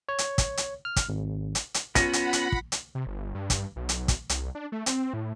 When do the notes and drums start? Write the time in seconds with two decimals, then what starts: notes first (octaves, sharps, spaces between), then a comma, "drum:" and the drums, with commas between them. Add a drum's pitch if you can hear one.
0.09 C#5
0.18 drum: hi-hat
0.38 drum: kick, hi-hat
0.57 drum: hi-hat
0.85 F6
0.96 drum: kick, hi-hat
1.09 G#1
1.55 drum: hi-hat
1.74 drum: hi-hat
1.95 B3 C#4 F4 F#5 B5 A#6, drum: kick, hi-hat
2.13 drum: hi-hat
2.33 drum: hi-hat
2.52 drum: kick
2.72 drum: hi-hat
2.95 C3
3.07 G1
3.35 G2
3.50 drum: kick, hi-hat
3.76 B1
3.89 drum: hi-hat
4.08 drum: kick, hi-hat
4.29 C2, drum: hi-hat
4.55 D4
4.72 A3
4.86 C4, drum: hi-hat
5.13 A2